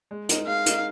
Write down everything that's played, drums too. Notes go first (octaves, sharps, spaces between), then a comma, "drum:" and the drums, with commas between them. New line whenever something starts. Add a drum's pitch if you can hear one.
G#3
D#4 A#4 D#5, drum: hi-hat
G#3 F5
D#4 A#4 D#5, drum: hi-hat